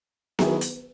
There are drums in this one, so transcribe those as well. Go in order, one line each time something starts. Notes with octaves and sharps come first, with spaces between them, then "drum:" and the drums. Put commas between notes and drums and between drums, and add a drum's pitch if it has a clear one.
D#3 F#3 B3 E4 G#4, drum: snare B3
drum: hi-hat